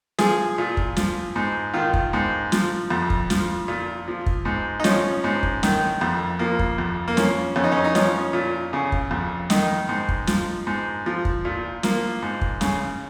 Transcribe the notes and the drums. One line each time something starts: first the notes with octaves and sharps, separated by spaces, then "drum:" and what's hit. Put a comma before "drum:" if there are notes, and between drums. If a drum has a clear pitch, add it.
F3 G#4, drum: snare
A#2
drum: kick
F3, drum: snare
G#2
D#3 F4
drum: kick
G#2
F3, drum: snare
F2
drum: kick
F3, drum: snare
A#2
F3
drum: kick
G#2
D#4
F3 C#4, drum: snare
G#2
drum: kick
D#3, drum: snare
F2
F3 A#3
drum: kick
F2
A#3
F3 C#4, drum: snare
F2 C#4
D#4
C#4
D#4
F3 C#4, drum: snare
A#2
C#3
drum: kick
F2
D#3 D#4, drum: snare
G#2
drum: kick
F3, drum: snare
G#2
F3
drum: kick
A#2
F3 A#3, drum: snare
G#2
drum: kick
C#3, drum: snare